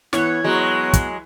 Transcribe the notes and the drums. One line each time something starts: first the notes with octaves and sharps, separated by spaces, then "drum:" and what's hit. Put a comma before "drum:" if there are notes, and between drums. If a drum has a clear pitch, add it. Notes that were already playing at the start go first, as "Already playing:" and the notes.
E3 B3 C#5 F#6, drum: snare
F#3 G#3 B3
drum: kick, hi-hat